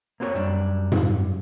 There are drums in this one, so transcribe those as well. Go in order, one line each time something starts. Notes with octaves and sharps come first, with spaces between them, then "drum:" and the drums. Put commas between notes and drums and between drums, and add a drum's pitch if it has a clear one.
A#3 C4 F#4 G#4 C#5
F#2 G3 D4
drum: tom G#2